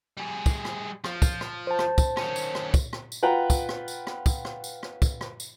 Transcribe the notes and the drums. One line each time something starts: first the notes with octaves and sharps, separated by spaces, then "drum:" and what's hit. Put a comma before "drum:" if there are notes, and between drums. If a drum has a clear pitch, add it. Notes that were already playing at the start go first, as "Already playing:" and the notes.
G3 G#4
drum: kick, tambourine
drum: rim click
F3, drum: rim click
drum: kick, tambourine
drum: rim click
C5 A5
drum: rim click
drum: kick, tambourine
D#3 C#4, drum: rim click
drum: tambourine
drum: rim click
drum: kick, tambourine
drum: rim click
drum: tambourine
F4 B4 F#5 G5 A#5
drum: kick, tambourine
drum: rim click
drum: tambourine
drum: rim click
drum: kick, tambourine
drum: rim click
drum: tambourine
drum: rim click
drum: kick, tambourine
drum: rim click
drum: tambourine